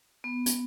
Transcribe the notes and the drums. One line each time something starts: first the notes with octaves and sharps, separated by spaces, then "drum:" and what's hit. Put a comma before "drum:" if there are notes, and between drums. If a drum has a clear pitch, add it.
B3
drum: hi-hat